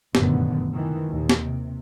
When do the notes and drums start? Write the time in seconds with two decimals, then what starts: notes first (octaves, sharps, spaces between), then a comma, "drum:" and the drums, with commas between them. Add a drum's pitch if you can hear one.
0.15 F1 F#2 A#2 D3 D#3 B3, drum: snare
0.74 D#3 E3
1.09 D#2 A#2
1.29 drum: snare
1.44 C3